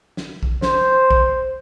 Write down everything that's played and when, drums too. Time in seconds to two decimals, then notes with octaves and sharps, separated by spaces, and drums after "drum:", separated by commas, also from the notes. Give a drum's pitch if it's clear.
0.17 drum: snare
0.43 drum: kick
0.62 C5, drum: snare
1.11 drum: kick